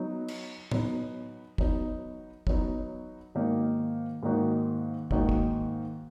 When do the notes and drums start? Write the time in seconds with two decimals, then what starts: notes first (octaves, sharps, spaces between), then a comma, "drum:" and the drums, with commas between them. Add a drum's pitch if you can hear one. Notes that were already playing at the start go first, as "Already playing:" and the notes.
Already playing: F#3 B3 D#4
0.28 drum: cymbal
0.71 F#3 B3 D#4, drum: tom A2
1.58 F#3 B3 D#4, drum: kick
2.47 F#3 B3 D#4, drum: kick
3.35 G#2 D#3 A#3 D#4 F#4
4.23 G#2 D#3 A#3 D#4 F#4
5.11 G#2 D#3 A#3 D#4 F#4, drum: kick
5.29 drum: kick